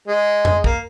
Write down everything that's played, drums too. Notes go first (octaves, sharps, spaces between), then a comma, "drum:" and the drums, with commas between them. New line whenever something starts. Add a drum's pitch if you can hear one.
G#3
drum: tom F2
A#3, drum: kick